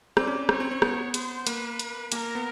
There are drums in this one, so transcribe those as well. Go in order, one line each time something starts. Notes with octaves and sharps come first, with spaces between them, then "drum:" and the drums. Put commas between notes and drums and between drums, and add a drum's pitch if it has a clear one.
C4 D5, drum: rim click
C#4
C4 C#5, drum: rim click
C4
C4
B3, drum: rim click
C5, drum: hi-hat
A#3 B4, drum: hi-hat
drum: hi-hat
A#3 A#4, drum: hi-hat
B3